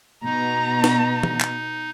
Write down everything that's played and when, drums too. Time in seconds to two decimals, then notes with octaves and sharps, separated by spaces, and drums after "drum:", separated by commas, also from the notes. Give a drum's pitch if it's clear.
0.24 B2 B3 D#4 A#5
0.84 drum: snare
1.23 drum: tom
1.41 drum: clap